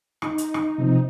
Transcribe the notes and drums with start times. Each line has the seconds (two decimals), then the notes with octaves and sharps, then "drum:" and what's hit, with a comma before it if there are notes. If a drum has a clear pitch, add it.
0.22 D#4, drum: rim click
0.38 drum: hi-hat
0.54 drum: rim click
0.78 C3 F3 C4